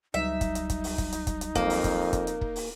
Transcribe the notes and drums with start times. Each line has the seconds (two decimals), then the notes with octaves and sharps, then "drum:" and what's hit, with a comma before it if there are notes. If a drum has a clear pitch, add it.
0.14 C#2 F#3 G3 D#4 E5
0.41 drum: kick, hi-hat
0.55 drum: hi-hat
0.70 drum: kick, hi-hat
0.84 drum: open hi-hat
0.98 drum: kick, hi-hat
1.12 drum: hi-hat
1.27 drum: kick, hi-hat
1.41 drum: hi-hat
1.55 F2 A#3, drum: kick, hi-hat
1.70 drum: open hi-hat
1.84 drum: kick, hi-hat
2.13 drum: kick, hi-hat
2.27 drum: hi-hat
2.41 drum: kick
2.56 drum: open hi-hat